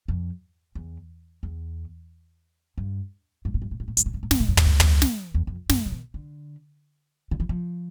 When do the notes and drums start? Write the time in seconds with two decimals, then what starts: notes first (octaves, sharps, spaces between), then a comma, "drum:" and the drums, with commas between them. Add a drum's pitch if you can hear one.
0.08 F2
0.75 E2
1.43 E2
2.78 G2
3.45 G2
3.54 A2
3.62 G2
3.71 A2
3.80 G2
3.88 A2
3.97 G2, drum: hi-hat
4.06 A2
4.14 G2
4.23 A2
4.31 G2, drum: snare
4.40 A2
4.48 G2
4.57 A2, drum: tom
4.66 G2
4.80 F2, drum: tom
5.02 drum: snare
5.34 E2
5.47 F2
5.69 G2, drum: snare
5.86 C3
5.92 B2
6.14 D3
7.31 D3
7.40 E3
7.49 F3